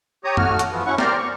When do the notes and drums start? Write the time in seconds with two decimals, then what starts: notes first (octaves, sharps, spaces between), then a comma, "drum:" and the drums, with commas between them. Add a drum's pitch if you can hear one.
0.24 G4 C#5 A#5 D#6
0.37 A3 F#4 F6, drum: tom F#2
0.59 drum: hi-hat
0.71 E3 F3 A3 B3
0.86 F#3 C#4 E4 F#5 C#6
0.98 G4 A#4 C5 D5 A#5 F6, drum: snare
1.18 C#6